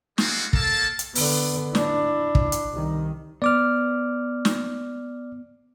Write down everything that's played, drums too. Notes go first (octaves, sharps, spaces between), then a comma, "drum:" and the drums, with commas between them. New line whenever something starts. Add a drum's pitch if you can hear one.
G3 G#3 C4 F4 F#4 G#4, drum: snare
A#3 A4 A5, drum: kick
drum: hi-hat
D3 B3, drum: open hi-hat
D4 E4, drum: snare
drum: kick
drum: hi-hat
C2 D#3
B3 C5 D5 D6 F6
drum: snare